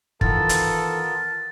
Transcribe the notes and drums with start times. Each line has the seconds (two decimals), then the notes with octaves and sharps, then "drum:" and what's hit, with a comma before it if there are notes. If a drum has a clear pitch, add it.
0.21 D#3 E3 B3 F4 A4 A#4 A6, drum: kick
0.49 drum: hi-hat